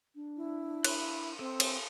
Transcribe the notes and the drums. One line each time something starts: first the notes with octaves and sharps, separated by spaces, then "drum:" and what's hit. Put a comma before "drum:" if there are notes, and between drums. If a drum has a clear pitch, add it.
D4
E4
B5 F#6, drum: cymbal
C4 A4
drum: cymbal